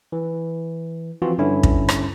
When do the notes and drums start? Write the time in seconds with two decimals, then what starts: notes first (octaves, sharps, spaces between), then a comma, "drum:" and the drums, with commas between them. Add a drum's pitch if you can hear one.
0.12 E3
1.22 E3 F3 C4 F4 F#4
1.38 G2 D3 C#4 E4
1.63 drum: kick
1.89 drum: rim click